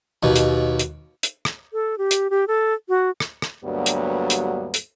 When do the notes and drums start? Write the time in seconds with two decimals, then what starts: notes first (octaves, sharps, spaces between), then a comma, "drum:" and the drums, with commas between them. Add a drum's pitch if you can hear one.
0.23 D#2 B2
0.36 drum: hi-hat
0.79 drum: hi-hat
1.23 drum: hi-hat
1.45 drum: rim click
1.73 A4
1.98 G4
2.11 drum: hi-hat
2.30 G4
2.48 A4
2.89 F#4
3.20 drum: rim click
3.42 drum: rim click
3.64 D2 G2 F#3 G3 A#3 B3
3.86 drum: hi-hat
4.30 drum: hi-hat
4.74 drum: hi-hat